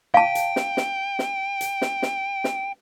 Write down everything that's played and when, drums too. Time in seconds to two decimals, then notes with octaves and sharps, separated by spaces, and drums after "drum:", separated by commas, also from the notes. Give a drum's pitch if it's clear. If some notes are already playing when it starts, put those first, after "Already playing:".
0.14 F5 G5 A5
0.35 drum: hi-hat
0.56 drum: snare
0.77 drum: snare
1.19 drum: snare
1.61 drum: hi-hat
1.82 drum: snare
2.02 drum: snare
2.44 drum: snare